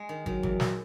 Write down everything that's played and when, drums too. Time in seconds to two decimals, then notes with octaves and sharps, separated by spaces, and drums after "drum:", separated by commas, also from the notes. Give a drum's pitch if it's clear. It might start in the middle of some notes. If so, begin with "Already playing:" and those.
Already playing: G#3
0.09 D#3
0.26 D#3 F#3, drum: kick
0.43 E2, drum: kick
0.60 drum: snare